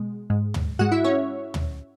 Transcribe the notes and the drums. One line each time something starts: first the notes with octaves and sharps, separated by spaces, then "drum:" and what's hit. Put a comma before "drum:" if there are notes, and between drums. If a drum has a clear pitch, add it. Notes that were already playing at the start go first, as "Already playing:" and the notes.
Already playing: B2 G#3
G#2 G#3
drum: tom
G#2 G#3 F#4 F#5
E4 E5
C#4 C#5
drum: tom